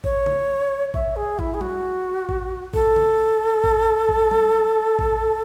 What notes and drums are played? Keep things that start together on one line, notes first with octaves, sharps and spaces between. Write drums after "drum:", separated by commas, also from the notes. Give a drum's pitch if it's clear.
C#5, drum: kick A1
drum: tom C#3
E5, drum: kick A1
G#4
E4, drum: kick A1
G#4
F#4, drum: tom F#3
drum: kick A1
A4, drum: kick A1
drum: tom C#3
drum: kick A1
drum: kick A1
drum: tom F#3
drum: kick A1